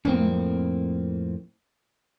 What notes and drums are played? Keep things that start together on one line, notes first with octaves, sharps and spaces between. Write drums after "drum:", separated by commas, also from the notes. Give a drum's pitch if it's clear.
F2 A2 A#3 C4, drum: tom